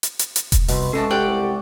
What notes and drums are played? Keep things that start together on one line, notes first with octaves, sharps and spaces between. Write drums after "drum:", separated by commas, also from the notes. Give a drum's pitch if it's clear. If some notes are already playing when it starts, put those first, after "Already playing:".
drum: hi-hat
drum: hi-hat
drum: hi-hat
drum: kick E1, hi-hat
C2 B2 B4 B5 C6, drum: open hi-hat
G#3 C#4 A4 D#5 E5 A5 C#6
G4 D5 F#5 G5
C2